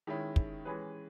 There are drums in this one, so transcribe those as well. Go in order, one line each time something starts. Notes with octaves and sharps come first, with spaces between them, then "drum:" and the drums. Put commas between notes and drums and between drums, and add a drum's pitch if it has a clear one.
D#3 G#3 C#4 E4
drum: kick
E3 G#3 C#4 G#4 B4